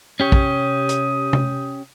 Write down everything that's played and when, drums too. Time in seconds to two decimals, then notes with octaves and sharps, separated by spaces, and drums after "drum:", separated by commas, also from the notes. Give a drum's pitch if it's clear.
0.20 C3 C#4 G4 C#5 D#6
0.32 drum: kick
0.89 drum: hi-hat
1.33 drum: tom C3